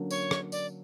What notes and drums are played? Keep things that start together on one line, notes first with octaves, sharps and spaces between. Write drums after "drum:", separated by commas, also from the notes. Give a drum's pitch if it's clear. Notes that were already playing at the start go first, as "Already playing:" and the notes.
Already playing: D3 F#3 A#3 C#4
C#5, drum: tambourine
drum: rim click
D5, drum: tambourine